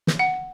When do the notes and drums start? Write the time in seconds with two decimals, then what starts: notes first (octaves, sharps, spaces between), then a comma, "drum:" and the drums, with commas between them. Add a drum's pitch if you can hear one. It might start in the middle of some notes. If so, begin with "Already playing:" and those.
0.07 drum: snare
0.19 F#5